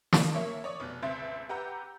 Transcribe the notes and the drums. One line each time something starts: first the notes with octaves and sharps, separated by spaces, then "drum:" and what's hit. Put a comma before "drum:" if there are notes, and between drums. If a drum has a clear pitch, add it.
drum: snare
A#3 C#5 E5
C#5 D5 D#6
F1 B2 F#6
G1 C#2 C4 E5 C6 A6
G4 B4 F#5 A#5 E6 G6